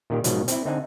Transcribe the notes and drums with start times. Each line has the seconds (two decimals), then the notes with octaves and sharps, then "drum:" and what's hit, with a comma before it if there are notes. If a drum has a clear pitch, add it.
0.10 A#2 D#3 G4
0.24 G#2 B2 D#3 F3 F#3, drum: hi-hat
0.48 C4 E4, drum: hi-hat
0.65 D3 C4 D#4 E5 F#5 G#5